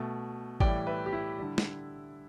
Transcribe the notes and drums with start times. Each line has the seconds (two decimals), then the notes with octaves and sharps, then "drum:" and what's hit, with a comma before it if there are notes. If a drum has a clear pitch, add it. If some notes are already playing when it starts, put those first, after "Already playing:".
Already playing: B2 A3
0.60 A2 E3 G3 D5 G5, drum: kick G#1
0.87 B4 E5
1.06 G4
1.13 E4
1.39 D3 G3
1.58 drum: snare